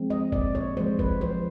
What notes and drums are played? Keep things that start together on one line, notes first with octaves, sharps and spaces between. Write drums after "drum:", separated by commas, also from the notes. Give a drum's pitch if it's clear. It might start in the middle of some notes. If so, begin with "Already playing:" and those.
Already playing: F3 G#3 C4
D#5
A#2 D5, drum: kick G1
C#5
F3 G#3 C4 C5
B4, drum: kick G1
F3 C5